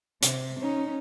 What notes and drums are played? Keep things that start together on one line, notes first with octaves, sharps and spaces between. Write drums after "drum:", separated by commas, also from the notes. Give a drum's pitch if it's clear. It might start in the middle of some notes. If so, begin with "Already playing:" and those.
C3, drum: hi-hat
C#4 D#4